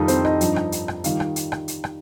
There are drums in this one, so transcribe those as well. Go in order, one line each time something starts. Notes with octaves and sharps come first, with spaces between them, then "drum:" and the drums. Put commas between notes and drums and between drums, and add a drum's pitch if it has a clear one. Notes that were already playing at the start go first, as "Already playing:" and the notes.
Already playing: F2 D#3 G3 D#4 F4 D#5 F5
C4 C5, drum: hi-hat
D#4 D#5, drum: rim click
G2 F3, drum: hi-hat
drum: rim click
drum: hi-hat
drum: rim click
D#3 G3 F4 F5, drum: hi-hat
drum: rim click
drum: hi-hat
drum: rim click
drum: hi-hat
drum: rim click